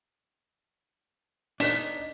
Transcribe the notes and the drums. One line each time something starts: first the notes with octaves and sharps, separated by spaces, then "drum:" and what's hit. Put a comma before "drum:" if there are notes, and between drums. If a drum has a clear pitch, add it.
D4 D#4 B6 E7, drum: open hi-hat